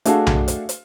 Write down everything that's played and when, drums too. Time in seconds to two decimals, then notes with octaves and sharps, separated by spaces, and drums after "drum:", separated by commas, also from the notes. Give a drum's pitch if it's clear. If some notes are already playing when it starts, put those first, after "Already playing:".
0.05 A3 D4 F#4 G#4 A4 F5, drum: hi-hat
0.27 drum: tom B1
0.48 drum: hi-hat
0.69 drum: hi-hat